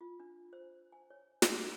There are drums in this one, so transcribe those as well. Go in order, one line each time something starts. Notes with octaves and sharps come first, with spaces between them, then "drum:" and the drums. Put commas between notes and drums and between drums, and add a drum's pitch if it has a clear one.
F4
D4
C5
G#5
C#5
F#5, drum: snare